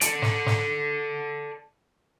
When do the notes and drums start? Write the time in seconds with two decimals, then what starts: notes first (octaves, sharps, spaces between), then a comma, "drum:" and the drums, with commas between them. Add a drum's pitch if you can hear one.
0.01 A4 D5, drum: hi-hat
0.22 drum: snare
0.46 drum: snare